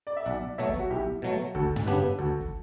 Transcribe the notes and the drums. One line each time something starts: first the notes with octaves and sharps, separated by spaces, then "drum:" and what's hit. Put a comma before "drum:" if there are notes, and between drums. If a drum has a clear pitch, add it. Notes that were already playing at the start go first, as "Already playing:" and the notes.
D5
E5
B1 D5 F#5
B2 F#3 A3 C#5 E5
drum: kick
F#4
B1 E4 G4
B2 F#3 A3
D2 F#4 A4, drum: kick
drum: tom
C#3 G3 B3 D4 G4 B4
D2 F#4 A4
drum: kick